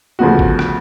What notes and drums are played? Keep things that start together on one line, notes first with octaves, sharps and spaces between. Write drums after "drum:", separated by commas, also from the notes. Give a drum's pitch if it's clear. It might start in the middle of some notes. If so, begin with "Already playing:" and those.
D2 C#3 F3 B3 F#4
drum: kick
drum: rim click